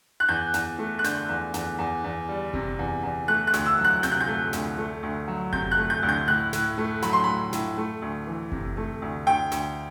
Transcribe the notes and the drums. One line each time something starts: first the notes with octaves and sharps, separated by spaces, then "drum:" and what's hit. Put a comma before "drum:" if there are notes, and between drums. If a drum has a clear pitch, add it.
F#6
E2 G6
E2, drum: snare
A3
F#6
D3 G6, drum: snare
E2
E2, drum: snare
E2
E2
G3
C3, drum: kick F#1
E2
E2
A3 F#6
F#6
D2, drum: snare
E6
F#3
F#6
C3 G6, drum: snare
F#6
G6
A3
D2, drum: snare
A3
D2
F#3
C3 G6, drum: kick F#1
F#6
A3
G6
D2
G6
A2 F#6
A2, drum: snare
A3
F#3 B5, drum: snare
C6
A2 B5
A2, drum: snare
A3
D2
E3
C3, drum: kick F#1
A3
D2
D2 G5
D2, drum: snare